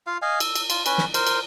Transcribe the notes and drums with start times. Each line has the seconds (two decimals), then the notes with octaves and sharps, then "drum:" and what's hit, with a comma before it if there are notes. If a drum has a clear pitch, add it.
0.07 F4 F5
0.22 D#5 F5 G#5
0.40 E6, drum: cymbal
0.55 drum: cymbal
0.70 F4, drum: cymbal
0.86 C#4 B4, drum: cymbal
0.98 drum: snare
1.14 A#4 C5, drum: cymbal
1.27 drum: cymbal